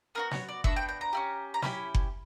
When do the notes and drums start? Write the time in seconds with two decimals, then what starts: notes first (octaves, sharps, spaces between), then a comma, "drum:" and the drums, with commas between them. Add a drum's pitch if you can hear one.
0.15 B3 D4 F#4 A#4
0.31 C#5, drum: snare
0.49 D5
0.64 B3 D4 F#4 E5, drum: kick F#1
0.76 G5
0.89 G5
1.01 A#5
1.13 C#4 E4 G4
1.54 A#5
1.62 C#4 E4 G4 B5, drum: snare
1.94 drum: kick F#1